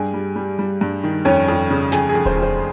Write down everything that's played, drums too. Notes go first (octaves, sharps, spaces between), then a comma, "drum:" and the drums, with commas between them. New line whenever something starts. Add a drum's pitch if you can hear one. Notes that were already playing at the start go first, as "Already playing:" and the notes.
Already playing: G2 G#4 G#5
G3
G3
G3
G2
D#3
F2 C#4 C#5
F2
C#3
F2 G#4 G#5, drum: snare
G#4 G#5
F2
C5 C6, drum: kick D#1
F2
C5 C6